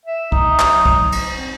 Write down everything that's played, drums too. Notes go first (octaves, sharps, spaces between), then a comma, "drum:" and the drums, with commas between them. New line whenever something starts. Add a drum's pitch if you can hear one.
E5
D#4, drum: kick
F#3, drum: clap
drum: kick
drum: cymbal
C4